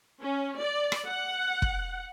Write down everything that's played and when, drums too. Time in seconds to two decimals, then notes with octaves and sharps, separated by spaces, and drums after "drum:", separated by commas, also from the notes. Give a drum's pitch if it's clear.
0.22 C#4
0.60 D5
0.92 drum: rim click
1.07 F#5
1.62 drum: kick